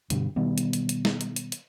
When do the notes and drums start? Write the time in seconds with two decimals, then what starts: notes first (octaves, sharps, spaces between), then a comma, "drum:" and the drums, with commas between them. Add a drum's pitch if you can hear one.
0.10 G2 B2 D3, drum: hi-hat
0.36 B2 D#3 G3 B3
0.58 drum: hi-hat
0.73 drum: hi-hat
0.89 drum: hi-hat
1.05 drum: snare
1.21 drum: hi-hat
1.36 drum: hi-hat
1.52 drum: hi-hat